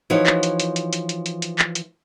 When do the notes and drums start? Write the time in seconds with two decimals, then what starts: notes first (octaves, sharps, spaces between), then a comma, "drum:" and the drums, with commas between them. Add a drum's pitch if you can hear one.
0.10 E3 F3 D#4 F#4 C#5
0.26 drum: clap
0.43 drum: hi-hat
0.60 drum: hi-hat
0.76 drum: hi-hat
0.93 drum: hi-hat
1.09 drum: hi-hat
1.26 drum: hi-hat
1.42 drum: hi-hat
1.59 drum: clap
1.75 drum: hi-hat